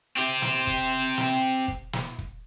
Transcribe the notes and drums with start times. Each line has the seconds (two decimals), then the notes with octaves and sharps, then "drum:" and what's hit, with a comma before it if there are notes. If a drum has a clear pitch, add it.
0.17 C4 G4
0.42 drum: snare
0.67 drum: kick
1.18 drum: snare
1.68 drum: kick
1.93 drum: snare
2.18 drum: kick